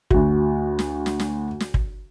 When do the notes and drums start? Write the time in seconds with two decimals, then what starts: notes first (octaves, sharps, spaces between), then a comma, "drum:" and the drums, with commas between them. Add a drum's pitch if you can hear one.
0.10 D2 F#4, drum: kick
0.79 drum: snare
1.06 drum: snare
1.20 drum: snare
1.60 drum: snare
1.74 drum: kick